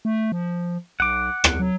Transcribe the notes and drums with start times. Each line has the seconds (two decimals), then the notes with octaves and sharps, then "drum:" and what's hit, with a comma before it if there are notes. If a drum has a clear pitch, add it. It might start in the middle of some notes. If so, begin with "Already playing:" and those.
0.05 A3
0.32 F3
1.00 B1 F#5 D6
1.44 E2, drum: rim click
1.59 F#3